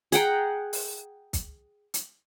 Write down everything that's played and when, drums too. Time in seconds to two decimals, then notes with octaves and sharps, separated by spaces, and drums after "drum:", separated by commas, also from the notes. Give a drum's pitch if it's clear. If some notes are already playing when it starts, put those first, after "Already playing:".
0.12 G#4 F#5 G5 A#5, drum: hi-hat
0.73 drum: open hi-hat
1.33 drum: kick, hi-hat
1.94 drum: hi-hat